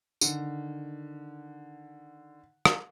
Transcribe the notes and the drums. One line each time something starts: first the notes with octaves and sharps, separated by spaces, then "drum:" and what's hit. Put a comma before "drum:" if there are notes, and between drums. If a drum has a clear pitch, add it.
D3 D#3, drum: tambourine
drum: rim click